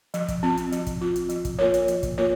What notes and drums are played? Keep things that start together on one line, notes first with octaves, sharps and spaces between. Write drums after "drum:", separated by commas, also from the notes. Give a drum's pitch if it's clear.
F3, drum: hi-hat
drum: kick, hi-hat
C4 F4
drum: hi-hat
F3, drum: hi-hat
drum: kick, hi-hat
C4 F4
drum: hi-hat
F3, drum: hi-hat
drum: kick, hi-hat
A#3 F4 A#4 C#5
drum: hi-hat
F3, drum: hi-hat
drum: kick, hi-hat
A#3 F4 A#4 C#5